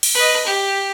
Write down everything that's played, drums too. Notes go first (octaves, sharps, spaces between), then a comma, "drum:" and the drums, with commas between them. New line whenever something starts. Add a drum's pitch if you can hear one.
drum: cymbal
B4 D#5
G4